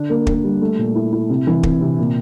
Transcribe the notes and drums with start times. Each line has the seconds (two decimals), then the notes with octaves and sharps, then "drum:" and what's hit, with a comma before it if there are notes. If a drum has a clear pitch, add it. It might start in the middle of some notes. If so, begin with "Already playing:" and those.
Already playing: D3 D4
0.10 A#3
0.27 A#3, drum: kick
0.44 G3
0.61 A3
0.79 A#2
0.95 E4
1.12 E4
1.29 C3
1.47 E3
1.63 C4, drum: kick
1.81 C3
1.98 A#2